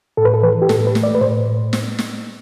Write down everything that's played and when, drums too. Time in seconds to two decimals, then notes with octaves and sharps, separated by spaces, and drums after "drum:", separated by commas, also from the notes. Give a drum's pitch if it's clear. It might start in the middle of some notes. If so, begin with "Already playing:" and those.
0.17 A2 A4
0.25 B4
0.34 A4
0.43 E3 B4
0.62 G4
0.69 A2 A4, drum: snare
0.87 B4
0.95 A3, drum: snare
1.03 D5
1.15 B4
1.21 A2 C5
1.73 drum: snare
1.99 drum: snare